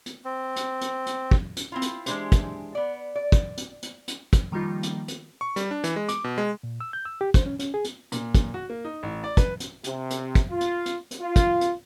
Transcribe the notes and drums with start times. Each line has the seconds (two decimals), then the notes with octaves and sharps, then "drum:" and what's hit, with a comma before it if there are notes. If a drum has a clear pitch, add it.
0.06 drum: hi-hat
0.25 C4
0.56 drum: hi-hat
0.81 drum: hi-hat
1.06 drum: hi-hat
1.31 drum: kick
1.57 drum: hi-hat
1.72 C4 E4 F4
1.82 drum: hi-hat
2.06 E3 G#3 C4 D4 G4 C5, drum: hi-hat
2.32 drum: kick, hi-hat
2.75 B3 D5
3.15 D5
3.32 drum: kick, hi-hat
3.57 drum: hi-hat
3.83 drum: hi-hat
4.08 drum: hi-hat
4.33 drum: kick, hi-hat
4.52 D#3 F3 G3 A#3 D#4 F4
4.83 drum: hi-hat
5.08 drum: hi-hat
5.41 C#6
5.56 G3, drum: hi-hat
5.71 D4
5.84 E3, drum: hi-hat
5.96 G#3
6.09 D6, drum: hi-hat
6.24 B2
6.38 G#3
6.63 A#2
6.80 E6
6.93 G6
7.05 E6
7.21 G4
7.34 C5, drum: kick, hi-hat
7.46 C#4
7.59 C#4, drum: hi-hat
7.74 G#4
7.84 drum: hi-hat
8.12 A#2, drum: hi-hat
8.35 drum: kick, hi-hat
8.54 F#4
8.70 A#3
8.85 D#4
9.03 A1
9.24 D5
9.37 B4, drum: kick, hi-hat
9.60 drum: hi-hat
9.84 C3, drum: hi-hat
10.10 drum: hi-hat
10.35 drum: kick, hi-hat
10.50 F4
10.61 drum: hi-hat
10.86 drum: hi-hat
11.11 drum: hi-hat
11.21 F4
11.36 drum: kick, hi-hat
11.61 drum: hi-hat